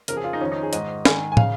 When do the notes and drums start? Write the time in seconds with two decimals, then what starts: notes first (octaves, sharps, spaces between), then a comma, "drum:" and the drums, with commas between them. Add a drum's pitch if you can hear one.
0.08 F2 C#3 A#4, drum: hi-hat
0.17 G#4
0.24 F4
0.33 D#4
0.41 F2 D#3 C#4
0.52 D#4
0.63 G#4
0.73 G#2 D#3 D#5, drum: hi-hat
1.05 G#2 D#3 G#5, drum: snare
1.32 G#5
1.37 C#3 F5, drum: tom